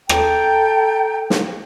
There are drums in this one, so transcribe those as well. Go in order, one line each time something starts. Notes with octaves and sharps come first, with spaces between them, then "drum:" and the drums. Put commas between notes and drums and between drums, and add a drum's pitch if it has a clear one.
A4 G5 A#5 G6, drum: rim click
drum: snare